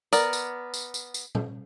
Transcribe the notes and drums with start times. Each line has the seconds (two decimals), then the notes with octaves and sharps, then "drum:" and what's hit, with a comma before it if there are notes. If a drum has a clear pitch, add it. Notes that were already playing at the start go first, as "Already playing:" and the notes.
0.13 B3 A#4 D5, drum: tambourine
0.33 drum: tambourine
0.74 drum: tambourine
0.94 drum: tambourine
1.14 drum: tambourine
1.35 drum: tom A#2